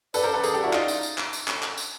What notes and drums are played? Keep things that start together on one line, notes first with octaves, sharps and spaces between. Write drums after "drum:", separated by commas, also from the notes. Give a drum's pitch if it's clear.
A4 B4 D5, drum: tambourine
A#4 C5
A4 B4
G#4 A#4, drum: tambourine
G4 A4
E4 F#4
D#4 F4 D5, drum: clap
drum: tambourine
drum: tambourine
drum: clap
drum: tambourine
drum: clap
drum: clap
drum: tambourine